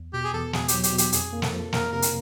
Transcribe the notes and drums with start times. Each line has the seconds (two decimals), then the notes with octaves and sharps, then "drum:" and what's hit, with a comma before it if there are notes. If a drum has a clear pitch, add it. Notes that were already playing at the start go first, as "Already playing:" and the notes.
Already playing: E2
0.13 B2 G4
0.24 G#4
0.33 E2 A4
0.53 B2 G#4, drum: snare
0.68 G4, drum: hi-hat
0.73 F#3
0.83 G4, drum: hi-hat
0.93 B2
0.98 G4, drum: hi-hat
1.12 F2 G#4, drum: hi-hat
1.33 A#3
1.42 A4, drum: snare
1.53 F3
1.73 A#3 A#4, drum: snare
1.92 C3 A#4
2.02 drum: hi-hat